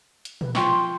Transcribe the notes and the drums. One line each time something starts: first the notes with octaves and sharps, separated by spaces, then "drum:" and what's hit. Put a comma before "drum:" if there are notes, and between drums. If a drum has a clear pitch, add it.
drum: hi-hat
B4, drum: tom A#2
F3 G5 C6 C#6, drum: snare